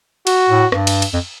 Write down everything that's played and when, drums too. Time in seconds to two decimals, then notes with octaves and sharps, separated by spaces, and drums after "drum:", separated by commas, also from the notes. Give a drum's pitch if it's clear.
0.27 F#4, drum: cymbal
0.49 A2
0.72 G2, drum: rim click
0.87 drum: cymbal
1.02 drum: cymbal
1.13 F2